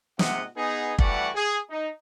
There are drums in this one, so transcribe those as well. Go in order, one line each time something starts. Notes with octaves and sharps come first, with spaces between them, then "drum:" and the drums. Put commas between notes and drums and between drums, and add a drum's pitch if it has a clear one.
G#2 C3 G#3 D#5 F#5, drum: snare
B3 D#4 G#4
E3 G3 A3 F#4 D5 F#5, drum: kick
G#4
D#4